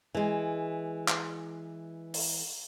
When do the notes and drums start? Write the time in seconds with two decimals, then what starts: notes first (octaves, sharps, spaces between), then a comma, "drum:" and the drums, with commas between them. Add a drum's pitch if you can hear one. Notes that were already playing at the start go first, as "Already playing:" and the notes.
0.15 E3 G#3
1.08 drum: clap
2.14 drum: open hi-hat